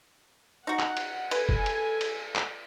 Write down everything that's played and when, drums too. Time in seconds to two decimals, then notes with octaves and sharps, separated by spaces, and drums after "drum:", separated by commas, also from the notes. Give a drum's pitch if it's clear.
0.67 D#4 F#4 F#5
0.79 drum: clap
0.97 drum: cymbal
1.31 A4 B4 G#5, drum: cymbal
1.49 drum: kick F1
1.66 drum: cymbal
2.01 drum: cymbal
2.36 drum: clap